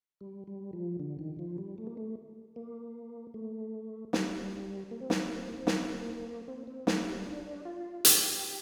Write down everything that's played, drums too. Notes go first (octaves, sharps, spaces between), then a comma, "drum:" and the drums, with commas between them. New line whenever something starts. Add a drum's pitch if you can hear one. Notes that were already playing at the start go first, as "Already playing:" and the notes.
G3
G3
F3
D3
D#3
F3
G3
A3
A#3
A3
A#3
A3
G3, drum: snare
A#3
C4
A#3, drum: snare
C4
A#3
C4
A#3
C4
A#3, drum: snare
C4
A#3
C4
C4
A3, drum: snare
G3
D4
F4
G4, drum: hi-hat